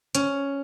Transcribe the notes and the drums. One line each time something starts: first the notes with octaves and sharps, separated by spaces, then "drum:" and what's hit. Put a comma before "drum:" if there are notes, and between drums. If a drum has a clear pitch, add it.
C#4, drum: hi-hat